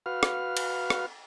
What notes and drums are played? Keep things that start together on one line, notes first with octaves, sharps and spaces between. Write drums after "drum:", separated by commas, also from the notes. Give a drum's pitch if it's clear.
F#4 B4 F5 F6
drum: rim click
drum: cymbal
drum: rim click